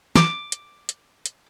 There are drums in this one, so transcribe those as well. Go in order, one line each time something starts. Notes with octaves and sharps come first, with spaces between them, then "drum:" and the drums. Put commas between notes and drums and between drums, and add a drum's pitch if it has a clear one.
D6, drum: snare
drum: hi-hat
drum: hi-hat
drum: hi-hat